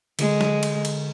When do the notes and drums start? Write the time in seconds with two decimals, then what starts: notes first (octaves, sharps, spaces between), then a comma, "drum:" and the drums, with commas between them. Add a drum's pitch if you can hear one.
0.19 D3 G#3, drum: cymbal
0.41 drum: snare
0.63 drum: cymbal
0.85 drum: cymbal